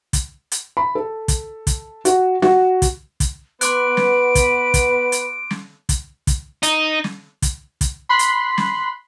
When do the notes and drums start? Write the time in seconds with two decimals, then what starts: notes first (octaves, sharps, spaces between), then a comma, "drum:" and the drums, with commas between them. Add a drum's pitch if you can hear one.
0.13 drum: kick, hi-hat
0.52 drum: hi-hat
0.77 B5
0.95 A4
1.28 drum: kick, hi-hat
1.67 drum: kick, hi-hat
2.05 F#4, drum: hi-hat
2.42 F#4, drum: snare
2.82 drum: kick, hi-hat
3.20 drum: kick, hi-hat
3.61 B3 B4 C6 D6 F#6 D7, drum: hi-hat
3.97 drum: snare
4.35 drum: kick, hi-hat
4.74 drum: kick, hi-hat
5.12 drum: hi-hat
5.50 drum: snare
5.89 drum: kick, hi-hat
6.27 drum: kick, hi-hat
6.63 D#4, drum: hi-hat
7.04 drum: snare
7.42 drum: kick, hi-hat
7.81 drum: kick, hi-hat
8.09 B5 C6 F#6
8.19 drum: hi-hat
8.58 drum: snare